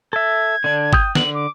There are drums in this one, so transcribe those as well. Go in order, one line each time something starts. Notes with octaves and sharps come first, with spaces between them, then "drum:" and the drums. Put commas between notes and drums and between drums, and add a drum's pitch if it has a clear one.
A4 E5 G#6
D3 D4
G5 D#6 G6, drum: kick
D3 F#7, drum: snare
D6